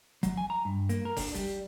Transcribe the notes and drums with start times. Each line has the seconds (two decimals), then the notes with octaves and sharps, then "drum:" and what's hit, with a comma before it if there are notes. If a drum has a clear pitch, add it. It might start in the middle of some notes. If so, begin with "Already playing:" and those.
0.23 F#3, drum: kick, hi-hat
0.37 G#5
0.50 A#5
0.65 G2
0.89 A#3, drum: hi-hat
1.05 A#4
1.17 D4, drum: kick, open hi-hat
1.35 G3, drum: kick, hi-hat